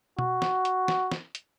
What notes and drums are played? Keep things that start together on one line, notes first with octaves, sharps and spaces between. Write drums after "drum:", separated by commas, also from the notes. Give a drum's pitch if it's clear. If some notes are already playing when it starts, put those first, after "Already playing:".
F#4, drum: tom B2
drum: snare
drum: hi-hat
drum: snare
drum: snare
drum: hi-hat